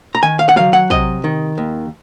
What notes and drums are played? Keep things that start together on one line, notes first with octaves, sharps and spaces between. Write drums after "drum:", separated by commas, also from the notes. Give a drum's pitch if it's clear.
A#5
D#3 G#5
F5
F#5
F#3 F5, drum: tom
F#5
C3 D#5, drum: kick
D#3
D#2